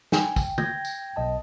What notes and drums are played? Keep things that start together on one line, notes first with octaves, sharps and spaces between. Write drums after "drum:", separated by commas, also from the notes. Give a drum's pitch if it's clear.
G5 G#5, drum: snare
drum: kick, tambourine
G6 G#6 A#6, drum: tom
drum: tambourine
B1 D#5 A5